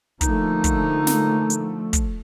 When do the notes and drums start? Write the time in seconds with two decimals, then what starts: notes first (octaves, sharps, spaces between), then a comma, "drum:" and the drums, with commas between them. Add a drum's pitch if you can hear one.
0.21 D3 D#3 F3 A3 A#3 D#4, drum: kick, hi-hat
0.64 drum: kick, hi-hat
1.07 drum: snare
1.50 drum: hi-hat
1.93 drum: kick, hi-hat